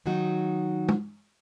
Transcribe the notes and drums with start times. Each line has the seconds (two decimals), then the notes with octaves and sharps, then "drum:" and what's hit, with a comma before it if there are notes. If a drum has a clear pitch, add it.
0.06 D#3 F#3 D#4 F#4
0.89 drum: tom